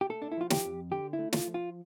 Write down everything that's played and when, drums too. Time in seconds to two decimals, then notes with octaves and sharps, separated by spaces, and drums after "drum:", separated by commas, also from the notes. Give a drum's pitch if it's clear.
0.01 G4
0.09 A3 A4
0.22 D4
0.32 E4
0.37 F3 F4
0.50 G4, drum: snare
0.65 F2
0.91 D3 G4
1.13 E4
1.19 A3
1.33 F4, drum: snare
1.47 F3
1.54 F4